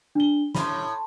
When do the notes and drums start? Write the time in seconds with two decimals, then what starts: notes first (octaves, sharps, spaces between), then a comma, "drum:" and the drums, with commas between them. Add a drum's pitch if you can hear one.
0.15 D4 G7
0.55 A2 B5 C6, drum: snare